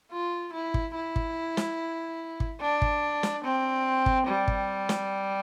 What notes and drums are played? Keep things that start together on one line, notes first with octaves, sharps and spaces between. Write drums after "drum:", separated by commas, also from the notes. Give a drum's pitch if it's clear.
F4
E4
drum: kick
E4
drum: kick
drum: snare
drum: kick
D4
drum: kick
drum: snare
C4
drum: kick
G3
drum: kick
drum: snare